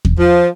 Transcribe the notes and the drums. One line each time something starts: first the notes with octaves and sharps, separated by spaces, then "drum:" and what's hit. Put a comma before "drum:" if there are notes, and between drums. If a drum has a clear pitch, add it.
drum: kick E2
F3